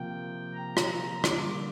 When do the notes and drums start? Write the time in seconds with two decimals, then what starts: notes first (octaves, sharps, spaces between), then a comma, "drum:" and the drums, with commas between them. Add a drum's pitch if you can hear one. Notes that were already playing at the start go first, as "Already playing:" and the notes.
Already playing: C3 F3 A#3 G5
0.53 A#5
0.77 drum: rim click
1.24 D3 G3 A#3 D6, drum: rim click